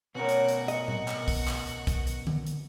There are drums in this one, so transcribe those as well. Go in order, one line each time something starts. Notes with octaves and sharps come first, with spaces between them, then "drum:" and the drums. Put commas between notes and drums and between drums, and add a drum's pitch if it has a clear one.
B2 B3 C#4 F#4 A#4
drum: hi-hat
drum: hi-hat
D#5, drum: hi-hat
drum: tom A#2
drum: clap
drum: kick B1, open hi-hat
drum: clap
drum: hi-hat
drum: kick B1, hi-hat
drum: hi-hat
drum: tom D3
drum: hi-hat